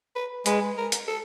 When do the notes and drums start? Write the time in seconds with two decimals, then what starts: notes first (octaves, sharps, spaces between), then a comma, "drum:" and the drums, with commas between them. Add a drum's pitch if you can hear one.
0.15 B4
0.46 G#3 B4, drum: hi-hat
0.77 A#4
0.92 drum: hi-hat
1.08 A4